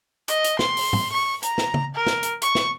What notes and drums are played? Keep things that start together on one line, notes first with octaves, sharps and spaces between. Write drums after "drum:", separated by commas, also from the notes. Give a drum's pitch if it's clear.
D#5, drum: hi-hat
drum: hi-hat
C6, drum: snare
drum: open hi-hat
drum: tom G#2
C#6
A#5, drum: hi-hat
drum: snare
drum: tom C#3
A#4
drum: snare
drum: hi-hat
C#6, drum: hi-hat
drum: snare